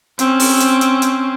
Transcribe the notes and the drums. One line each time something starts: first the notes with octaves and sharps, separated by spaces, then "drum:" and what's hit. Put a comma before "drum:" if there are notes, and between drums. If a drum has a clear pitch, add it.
C4 C#4, drum: hi-hat
drum: open hi-hat
drum: hi-hat
drum: hi-hat
drum: hi-hat